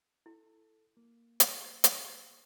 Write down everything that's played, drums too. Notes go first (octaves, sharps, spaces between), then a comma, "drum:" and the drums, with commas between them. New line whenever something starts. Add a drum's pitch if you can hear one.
E4 A4
A#3
drum: hi-hat
drum: hi-hat